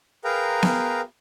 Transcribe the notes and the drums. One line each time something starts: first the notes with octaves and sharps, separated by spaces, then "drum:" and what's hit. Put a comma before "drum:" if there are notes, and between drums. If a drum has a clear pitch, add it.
G#4 A#4 B4 F5 G5 A#5
drum: snare B3